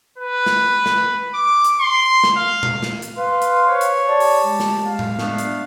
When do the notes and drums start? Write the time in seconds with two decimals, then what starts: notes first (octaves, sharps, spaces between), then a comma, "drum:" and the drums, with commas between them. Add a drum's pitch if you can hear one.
0.18 B4
0.46 drum: snare
0.86 drum: snare
1.34 D6
1.64 drum: hi-hat
1.80 C6
2.24 drum: snare
2.36 F5
2.63 drum: tom A#2
2.83 drum: snare
3.02 drum: hi-hat
3.17 B4 F5 C6
3.42 drum: hi-hat
3.68 C5 C#5
3.81 drum: hi-hat
4.07 G4 D5 A5
4.20 drum: open hi-hat
4.44 G#3
4.60 drum: snare
4.87 F5
4.99 drum: tom A2
5.19 A3 B3 D4, drum: snare
5.38 drum: hi-hat